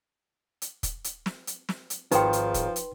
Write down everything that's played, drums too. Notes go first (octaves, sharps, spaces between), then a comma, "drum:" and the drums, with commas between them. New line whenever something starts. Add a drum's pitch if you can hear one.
drum: hi-hat
drum: kick, hi-hat
drum: hi-hat
drum: snare
drum: hi-hat
drum: snare
drum: hi-hat
G#1 D#3 F3 D#4 B4 G5 C6, drum: hi-hat
drum: hi-hat
drum: kick, hi-hat
drum: hi-hat